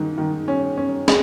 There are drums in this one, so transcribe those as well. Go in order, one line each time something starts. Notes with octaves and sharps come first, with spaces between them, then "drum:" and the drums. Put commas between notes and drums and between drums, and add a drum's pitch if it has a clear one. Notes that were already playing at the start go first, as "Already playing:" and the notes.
Already playing: G#2 D#3
D#3
C#4
C#4
G#3, drum: snare